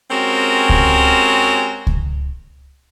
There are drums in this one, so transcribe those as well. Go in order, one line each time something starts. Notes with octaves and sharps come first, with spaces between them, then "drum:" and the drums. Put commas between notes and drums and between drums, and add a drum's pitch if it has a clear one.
G#3 C4 C#4 F#4 G4 A#4
drum: kick C#2
drum: kick C#2